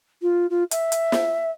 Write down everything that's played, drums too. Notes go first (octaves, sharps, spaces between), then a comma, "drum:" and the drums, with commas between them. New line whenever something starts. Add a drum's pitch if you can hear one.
F4
F4
E5, drum: hi-hat
drum: hi-hat
drum: snare